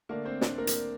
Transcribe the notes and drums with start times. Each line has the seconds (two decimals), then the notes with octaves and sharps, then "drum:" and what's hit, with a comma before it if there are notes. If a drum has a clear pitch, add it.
0.09 D3 A3 A#3 D4 A#4
0.25 C4 C5
0.41 D4 D5, drum: snare
0.58 A#3 A#4
0.67 drum: hi-hat